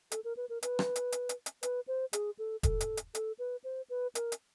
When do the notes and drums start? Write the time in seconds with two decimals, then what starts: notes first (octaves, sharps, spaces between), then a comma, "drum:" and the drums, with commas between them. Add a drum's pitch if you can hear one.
0.12 A4, drum: hi-hat
0.24 A#4
0.37 B4
0.49 A#4
0.63 B4, drum: hi-hat
0.79 drum: rim click
0.96 drum: hi-hat
1.12 drum: hi-hat
1.29 drum: hi-hat
1.46 drum: hi-hat
1.63 B4, drum: hi-hat
1.88 C5
2.13 G#4, drum: hi-hat
2.39 A4
2.63 A4, drum: kick E1, hi-hat
2.81 drum: hi-hat
2.97 drum: hi-hat
3.15 A4, drum: hi-hat
3.39 B4
3.64 C5
3.90 B4
4.15 A#4, drum: hi-hat
4.32 drum: hi-hat